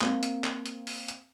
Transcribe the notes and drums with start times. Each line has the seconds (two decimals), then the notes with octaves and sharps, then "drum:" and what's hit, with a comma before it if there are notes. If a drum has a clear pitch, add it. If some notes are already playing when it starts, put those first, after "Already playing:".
0.01 A#3 C4, drum: clap
0.23 drum: hi-hat
0.44 drum: clap
0.66 drum: hi-hat
0.87 drum: open hi-hat
1.08 drum: hi-hat